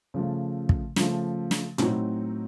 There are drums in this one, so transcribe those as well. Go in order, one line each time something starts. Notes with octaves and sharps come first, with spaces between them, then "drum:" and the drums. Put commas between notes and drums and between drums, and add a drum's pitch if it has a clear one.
C#3 F3 A3
drum: kick
C#3 F3 A3, drum: snare
drum: snare
A2 F#3 C4 D#4 F#4, drum: tom A#2